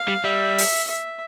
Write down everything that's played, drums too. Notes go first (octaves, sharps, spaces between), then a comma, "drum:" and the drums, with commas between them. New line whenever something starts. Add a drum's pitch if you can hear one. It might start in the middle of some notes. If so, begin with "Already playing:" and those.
Already playing: F5
G3
G3 E5
drum: open hi-hat
E5